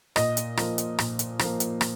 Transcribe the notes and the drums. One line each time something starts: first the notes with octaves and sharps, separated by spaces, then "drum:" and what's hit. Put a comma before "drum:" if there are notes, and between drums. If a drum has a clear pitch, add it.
A#2 D#5, drum: rim click
drum: hi-hat
F3 A#3, drum: rim click
drum: hi-hat
A#2, drum: rim click
drum: hi-hat
F3 A#3, drum: rim click
drum: hi-hat
drum: rim click